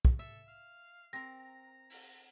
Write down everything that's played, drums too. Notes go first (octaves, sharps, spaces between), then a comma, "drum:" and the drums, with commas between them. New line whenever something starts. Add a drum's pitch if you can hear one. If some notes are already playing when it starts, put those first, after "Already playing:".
drum: kick
A4 E5
F5
C4 A#4 A#6
A#5
drum: open hi-hat